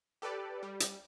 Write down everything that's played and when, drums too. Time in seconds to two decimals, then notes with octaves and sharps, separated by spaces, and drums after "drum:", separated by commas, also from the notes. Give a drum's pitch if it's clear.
0.22 G4 A4 B4 D5
0.63 G3
0.80 drum: hi-hat